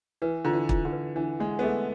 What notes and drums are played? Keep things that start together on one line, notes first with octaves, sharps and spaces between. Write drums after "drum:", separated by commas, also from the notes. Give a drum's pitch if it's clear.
E3 B4
D3 F4
E3
F4, drum: kick
D3
B4
E3 D4
G#3 G#4
B3
A3 G#4